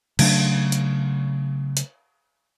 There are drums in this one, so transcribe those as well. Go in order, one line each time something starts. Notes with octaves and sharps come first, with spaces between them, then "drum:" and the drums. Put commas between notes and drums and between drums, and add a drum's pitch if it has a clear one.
C#3 F#3 A3 D4, drum: cymbal
drum: hi-hat
drum: hi-hat